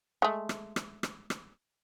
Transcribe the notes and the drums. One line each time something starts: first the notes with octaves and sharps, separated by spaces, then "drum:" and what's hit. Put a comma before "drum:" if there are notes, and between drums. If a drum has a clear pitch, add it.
G#3 A3
drum: rim click
drum: rim click
drum: rim click
drum: rim click